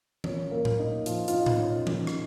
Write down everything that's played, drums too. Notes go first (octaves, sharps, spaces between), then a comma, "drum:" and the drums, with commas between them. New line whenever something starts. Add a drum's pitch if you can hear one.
A#2 A#3 C#4 C#5, drum: tom E3
A#3 A#4
drum: tom A2
D#4
F3 F4, drum: hi-hat
F4, drum: hi-hat
D#4
drum: tom A2
C#4
C#3 F3 A#3 D#4, drum: tom E3
drum: rim click